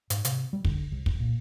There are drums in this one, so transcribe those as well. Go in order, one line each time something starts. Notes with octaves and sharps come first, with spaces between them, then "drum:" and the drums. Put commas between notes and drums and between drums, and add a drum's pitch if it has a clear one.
G#2, drum: hi-hat
C3, drum: hi-hat
G3
D3, drum: kick
C2
drum: kick
A#2